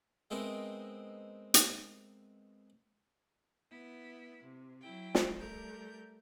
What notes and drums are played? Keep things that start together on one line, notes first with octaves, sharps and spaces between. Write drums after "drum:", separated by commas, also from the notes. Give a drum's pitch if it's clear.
G#3 B3 C4 D#4 E4 A#4
drum: hi-hat
B3 E4
C3
F#3 E4 G5
drum: snare
G3 A3 A#4 G6